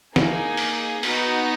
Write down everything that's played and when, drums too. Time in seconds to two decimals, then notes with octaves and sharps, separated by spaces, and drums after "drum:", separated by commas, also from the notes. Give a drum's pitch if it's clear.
0.16 A#3 D#4 G#4 G#5, drum: snare
0.57 drum: open hi-hat
1.03 B3 D#4 F#4, drum: open hi-hat